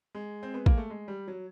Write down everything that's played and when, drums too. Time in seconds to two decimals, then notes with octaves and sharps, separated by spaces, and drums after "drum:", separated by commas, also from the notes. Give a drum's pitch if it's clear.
0.15 G#3
0.43 C4
0.54 B3
0.66 A#3, drum: kick
0.77 A3
0.90 G#3
1.08 G3
1.28 F#3